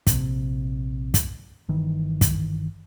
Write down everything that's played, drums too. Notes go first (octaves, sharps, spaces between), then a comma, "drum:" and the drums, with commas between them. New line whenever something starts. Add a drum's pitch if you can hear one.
A#1 C3, drum: kick, hi-hat
drum: kick, hi-hat
G1 D#3 E3
drum: kick, hi-hat